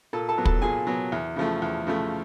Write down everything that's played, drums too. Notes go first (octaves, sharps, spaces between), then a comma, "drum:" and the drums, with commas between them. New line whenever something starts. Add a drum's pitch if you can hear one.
A#2 A4 A5
A4 A5
F#3 B3
A4 A5, drum: kick
A#2 G#4 G#5
F#3 B3
E2
C#3 F3 A3
E2
C#3 F3 A3